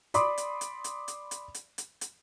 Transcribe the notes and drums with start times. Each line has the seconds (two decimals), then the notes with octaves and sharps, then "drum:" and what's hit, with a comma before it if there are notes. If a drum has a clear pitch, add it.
0.14 D5 B5 C6 D6 D#6, drum: hi-hat
0.38 drum: hi-hat
0.61 drum: hi-hat
0.84 drum: hi-hat
1.08 drum: hi-hat
1.31 drum: hi-hat
1.54 drum: hi-hat
1.78 drum: hi-hat
2.01 drum: hi-hat